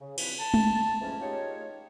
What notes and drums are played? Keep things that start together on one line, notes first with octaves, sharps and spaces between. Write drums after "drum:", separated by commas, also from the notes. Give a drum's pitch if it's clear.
C#3
G2 E3 F3 C4 B4, drum: cymbal
A5
drum: tom G#3
F2 G#2 E3 F#3 C#4
D#4 F4 G4 G#4 A#4 C#5